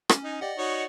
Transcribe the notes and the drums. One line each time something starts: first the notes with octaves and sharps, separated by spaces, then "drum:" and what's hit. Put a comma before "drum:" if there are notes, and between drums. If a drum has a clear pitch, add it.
C#4, drum: rim click
D#4 G#5
G4 D5 D#5 F#5
D#4 F#4 C#5